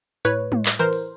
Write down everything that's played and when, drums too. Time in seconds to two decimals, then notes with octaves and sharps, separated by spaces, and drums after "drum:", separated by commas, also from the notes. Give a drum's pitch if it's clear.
0.25 A2 B4 C#5, drum: hi-hat
0.52 A2, drum: tom
0.66 drum: clap
0.79 E3 A#4 C5, drum: hi-hat
0.93 drum: open hi-hat